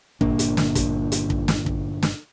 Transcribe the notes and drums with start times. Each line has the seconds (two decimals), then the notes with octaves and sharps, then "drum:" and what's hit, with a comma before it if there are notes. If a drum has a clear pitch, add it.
0.21 G1 A#2 A#3 D4, drum: kick
0.39 drum: hi-hat
0.57 drum: snare
0.75 drum: kick, hi-hat
1.12 drum: hi-hat
1.30 drum: kick
1.48 drum: snare
1.66 drum: kick
2.03 drum: snare